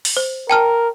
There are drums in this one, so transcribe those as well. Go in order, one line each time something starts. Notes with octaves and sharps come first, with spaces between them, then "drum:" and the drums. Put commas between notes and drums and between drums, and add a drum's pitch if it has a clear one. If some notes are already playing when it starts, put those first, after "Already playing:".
drum: open hi-hat
C5
A#4 G5 A5 F6